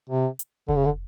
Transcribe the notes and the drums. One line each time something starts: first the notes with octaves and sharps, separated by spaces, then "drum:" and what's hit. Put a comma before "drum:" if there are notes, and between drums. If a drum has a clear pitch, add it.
C3
drum: hi-hat
D3, drum: kick F1
C#3
D3